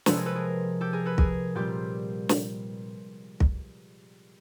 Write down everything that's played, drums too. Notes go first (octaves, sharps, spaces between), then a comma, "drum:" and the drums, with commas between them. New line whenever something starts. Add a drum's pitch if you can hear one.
C3 F3 G#3 A4 B4, drum: snare
G#4 A#4
A4 B4
G#4 A#4
G4 A4
G#4 A#4
A4 B4
G#4 A#4, drum: kick
A#2 G3 C4 F4 G4
drum: snare
drum: kick